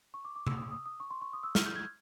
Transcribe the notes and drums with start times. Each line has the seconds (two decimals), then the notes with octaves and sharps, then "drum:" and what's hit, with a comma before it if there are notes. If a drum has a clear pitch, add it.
0.14 C#6
0.25 D6
0.36 D6
0.47 E6, drum: tom C3
0.57 D#6
0.71 D#6
0.86 D#6
1.00 C#6
1.10 C6
1.21 C#6
1.33 D#6
1.43 E6
1.55 F6, drum: snare
1.66 G6
1.76 G#6